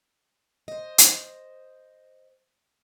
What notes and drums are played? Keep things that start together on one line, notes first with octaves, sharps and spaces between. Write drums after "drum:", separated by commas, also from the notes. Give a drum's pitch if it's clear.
C5 D#5
drum: hi-hat